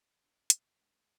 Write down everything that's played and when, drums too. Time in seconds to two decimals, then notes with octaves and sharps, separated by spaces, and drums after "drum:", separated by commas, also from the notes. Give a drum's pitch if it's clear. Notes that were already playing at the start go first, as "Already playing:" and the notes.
Already playing: D5
0.19 B3 D4
0.50 B2 F5, drum: hi-hat
0.80 G#3 B3 D4 F#5